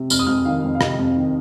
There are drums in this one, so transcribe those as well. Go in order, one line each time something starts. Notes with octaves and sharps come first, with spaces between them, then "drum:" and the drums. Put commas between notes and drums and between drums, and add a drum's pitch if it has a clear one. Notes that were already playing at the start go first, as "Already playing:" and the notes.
Already playing: C3
F2 F6, drum: tambourine
D#6
F2 F6
D#3 F5
F2
F5
C3 D#5, drum: rim click
F2
D#3